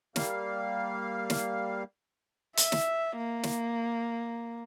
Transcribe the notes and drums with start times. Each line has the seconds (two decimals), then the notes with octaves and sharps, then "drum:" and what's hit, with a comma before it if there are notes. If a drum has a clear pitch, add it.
0.16 G3 A#3 F5, drum: snare
1.30 drum: snare
2.57 E5, drum: hi-hat
2.72 drum: snare
3.18 A#3
3.43 drum: snare